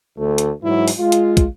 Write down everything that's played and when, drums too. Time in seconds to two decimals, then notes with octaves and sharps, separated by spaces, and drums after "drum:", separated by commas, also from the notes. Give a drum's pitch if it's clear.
0.18 D2 A3
0.38 drum: hi-hat
0.63 G#2 E3 F#3 E4
0.88 drum: open hi-hat
0.99 G#3 F4
1.12 drum: hi-hat
1.37 drum: kick, hi-hat